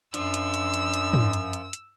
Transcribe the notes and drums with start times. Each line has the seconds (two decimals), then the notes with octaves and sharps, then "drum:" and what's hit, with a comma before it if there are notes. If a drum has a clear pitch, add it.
0.14 F#2 F3 D4 F4 E6, drum: hi-hat
0.34 drum: hi-hat
0.54 drum: hi-hat
0.74 drum: hi-hat
0.94 drum: hi-hat
1.13 drum: tom
1.33 drum: hi-hat
1.53 drum: hi-hat
1.73 drum: hi-hat